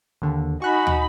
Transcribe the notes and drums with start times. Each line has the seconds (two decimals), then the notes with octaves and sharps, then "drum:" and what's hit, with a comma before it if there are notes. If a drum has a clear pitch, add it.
0.22 D#2 D3
0.62 D#4 F#4 G#5 B5 C#6 F#6
0.87 drum: tom